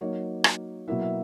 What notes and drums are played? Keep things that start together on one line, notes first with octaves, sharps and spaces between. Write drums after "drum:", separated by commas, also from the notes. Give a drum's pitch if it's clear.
F#3 A#3 D#4 C#5
drum: rim click
B2 F#3 A#3 E4 E5
E5